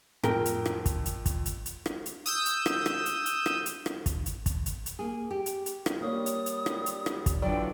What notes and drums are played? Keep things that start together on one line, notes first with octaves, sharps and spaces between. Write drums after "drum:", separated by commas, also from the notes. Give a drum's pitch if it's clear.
F2 A2 A#4 G5 G7, drum: rim click
drum: hi-hat
drum: rim click
drum: kick, hi-hat
drum: hi-hat
drum: kick, hi-hat
drum: hi-hat
drum: hi-hat
drum: rim click
drum: hi-hat
D#6 E6 G6, drum: hi-hat
drum: hi-hat
drum: rim click
drum: rim click
drum: hi-hat
drum: hi-hat
drum: rim click
drum: hi-hat
drum: rim click
drum: kick, hi-hat
drum: hi-hat
drum: kick, hi-hat
drum: hi-hat
drum: hi-hat
A#3 G#4
G4
drum: hi-hat
drum: hi-hat
drum: rim click
G3 A#3 C#5 D#6
drum: hi-hat
drum: hi-hat
drum: rim click
drum: hi-hat
drum: rim click
drum: kick, hi-hat
D3 E3 F#3 F4 A4 D5 G5